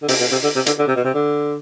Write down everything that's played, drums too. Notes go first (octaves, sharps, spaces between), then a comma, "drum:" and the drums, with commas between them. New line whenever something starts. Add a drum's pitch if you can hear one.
D3
C3, drum: open hi-hat
B2
C3
D3
C3
D3, drum: hi-hat
D3
C3
B2
C3
D3